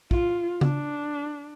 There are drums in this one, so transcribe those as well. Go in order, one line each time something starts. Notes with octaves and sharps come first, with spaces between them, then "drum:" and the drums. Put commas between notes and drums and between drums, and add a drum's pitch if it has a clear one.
F4, drum: kick
D4, drum: tom C#3